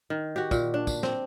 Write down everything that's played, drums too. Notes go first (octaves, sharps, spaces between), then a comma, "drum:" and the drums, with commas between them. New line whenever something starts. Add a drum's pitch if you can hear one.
D#3
F#4 G4
A#2, drum: kick, tambourine
D4
drum: kick, tambourine
C4, drum: snare